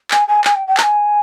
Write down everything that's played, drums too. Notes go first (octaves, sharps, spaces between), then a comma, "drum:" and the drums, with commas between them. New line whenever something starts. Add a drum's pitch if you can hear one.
G#5, drum: clap
G#5
G#5, drum: clap
G5
G5
A#5, drum: clap
G#5